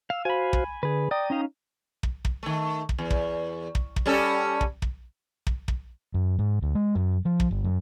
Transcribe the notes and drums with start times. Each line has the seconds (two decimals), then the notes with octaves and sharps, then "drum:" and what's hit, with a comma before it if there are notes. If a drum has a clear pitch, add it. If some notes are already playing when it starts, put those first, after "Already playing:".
0.10 F5 E6
0.25 F#4 C5 F5 G#5 B5
0.53 drum: kick
0.83 D3 G#4 B4
1.11 D5 G5 A#5 D#6
1.30 C#4 D#4 F5
2.03 drum: kick
2.25 drum: kick
2.43 D#3 A3
2.89 drum: kick
2.98 E2
3.10 drum: kick
3.75 drum: kick
3.96 drum: kick
4.06 G3 C#4 A4
4.61 drum: kick
4.82 drum: kick
5.47 drum: kick
5.68 drum: kick
6.14 F#2
6.39 G#2
6.62 D2
6.75 G#3
6.95 F#2
7.25 F3
7.40 drum: kick
7.51 G1
7.64 F#2